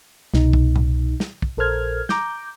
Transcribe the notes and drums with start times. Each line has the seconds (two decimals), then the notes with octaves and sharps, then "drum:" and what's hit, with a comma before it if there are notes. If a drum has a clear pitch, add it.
0.34 C2 B2 D#4, drum: snare
0.53 drum: kick
0.76 drum: tom A2
1.20 drum: snare
1.42 drum: kick
1.57 A#1 A4 A#4 C5 F6 G#6
2.09 A#5 D6 G6, drum: snare